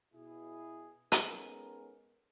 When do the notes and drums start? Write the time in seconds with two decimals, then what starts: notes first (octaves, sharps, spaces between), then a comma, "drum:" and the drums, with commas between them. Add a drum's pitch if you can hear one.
0.14 B2 E4 G#4
1.12 G#3 B3 C#4 D#4 A4 A#4, drum: hi-hat